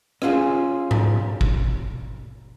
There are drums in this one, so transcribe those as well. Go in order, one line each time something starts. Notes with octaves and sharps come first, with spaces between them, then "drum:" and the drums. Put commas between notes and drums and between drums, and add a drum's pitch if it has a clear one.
C#4 F4 G#4, drum: rim click
drum: tom G#2
drum: kick